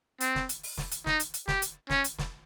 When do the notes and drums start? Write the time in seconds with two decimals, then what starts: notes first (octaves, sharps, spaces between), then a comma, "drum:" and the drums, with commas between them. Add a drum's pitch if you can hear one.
0.21 C4, drum: hi-hat
0.35 drum: snare
0.49 drum: hi-hat
0.63 drum: open hi-hat
0.77 drum: snare
0.92 drum: hi-hat
1.06 D#4, drum: snare
1.20 drum: hi-hat
1.34 drum: hi-hat
1.48 G4, drum: snare
1.62 drum: hi-hat
1.90 C#4, drum: snare
2.04 drum: hi-hat
2.18 drum: snare